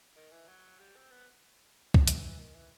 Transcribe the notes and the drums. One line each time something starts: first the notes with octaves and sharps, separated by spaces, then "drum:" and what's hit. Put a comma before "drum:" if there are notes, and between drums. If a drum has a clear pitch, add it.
D#3
E3
F#3
G3
C4
B3
drum: kick
E3, drum: hi-hat
D#3
E3